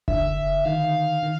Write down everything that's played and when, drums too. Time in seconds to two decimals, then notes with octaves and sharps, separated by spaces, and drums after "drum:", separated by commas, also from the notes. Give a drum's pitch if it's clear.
0.08 D3 E5, drum: kick F1
0.65 D#3 F5
1.23 D#3